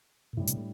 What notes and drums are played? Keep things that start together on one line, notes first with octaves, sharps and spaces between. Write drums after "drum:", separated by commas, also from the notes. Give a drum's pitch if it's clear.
A#2
A2 C3 G3 D4
C3, drum: hi-hat
A3